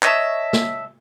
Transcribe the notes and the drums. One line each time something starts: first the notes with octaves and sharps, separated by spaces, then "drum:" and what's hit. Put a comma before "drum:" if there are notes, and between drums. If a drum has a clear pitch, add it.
C#5 D#5 E5 A5, drum: clap
drum: snare